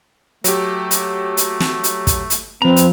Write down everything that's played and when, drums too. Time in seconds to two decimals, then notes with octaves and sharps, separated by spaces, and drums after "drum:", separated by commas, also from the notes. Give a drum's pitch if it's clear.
0.44 F#3 A3 G4, drum: hi-hat
0.91 drum: hi-hat
1.37 drum: hi-hat
1.60 drum: snare
1.84 drum: hi-hat
2.07 drum: kick, hi-hat
2.30 drum: hi-hat
2.62 F3 C4 B4 A#5
2.76 drum: hi-hat